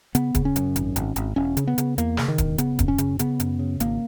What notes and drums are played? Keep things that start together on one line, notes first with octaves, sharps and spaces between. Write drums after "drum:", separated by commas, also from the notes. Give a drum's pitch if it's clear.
C#3 B3, drum: hi-hat
C#3, drum: kick, hi-hat
C#4
F#2, drum: hi-hat
G#1, drum: hi-hat
G#1, drum: hi-hat
G#1, drum: hi-hat
E1 C#4
C#3, drum: hi-hat
B3
C#3, drum: hi-hat
E2 A#3, drum: hi-hat
C#3, drum: snare
D#3
E1, drum: kick, hi-hat
C#3 B3, drum: hi-hat
F#2, drum: kick, hi-hat
C#4
C#3, drum: hi-hat
C#3 B3, drum: hi-hat
F#2, drum: hi-hat
C#3
G#1 A#3, drum: hi-hat